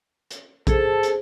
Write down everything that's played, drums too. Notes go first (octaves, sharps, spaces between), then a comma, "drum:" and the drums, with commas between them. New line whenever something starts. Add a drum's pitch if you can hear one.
drum: hi-hat
G#4 A4 C5, drum: kick A#1, hi-hat
drum: hi-hat